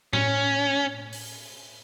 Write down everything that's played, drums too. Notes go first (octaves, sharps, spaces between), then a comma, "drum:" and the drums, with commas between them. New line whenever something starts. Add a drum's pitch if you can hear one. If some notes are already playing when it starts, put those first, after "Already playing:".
C#4, drum: tom A2
drum: open hi-hat